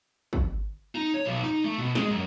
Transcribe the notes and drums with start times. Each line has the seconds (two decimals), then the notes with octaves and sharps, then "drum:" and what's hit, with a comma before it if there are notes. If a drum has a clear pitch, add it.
0.33 drum: kick
0.95 D#4
1.14 C#5
1.26 B1
1.43 D#4
1.64 A3
1.78 B2
1.95 G#3, drum: snare
2.10 F#2